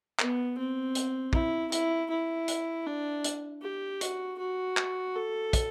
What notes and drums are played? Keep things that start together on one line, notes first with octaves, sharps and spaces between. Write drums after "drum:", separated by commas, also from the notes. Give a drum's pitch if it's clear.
B3, drum: clap
C4
drum: hi-hat
E4, drum: kick
E4, drum: hi-hat
E4
drum: hi-hat
D4
drum: hi-hat
G4
F#4, drum: hi-hat
F#4
drum: clap
A4
drum: kick, hi-hat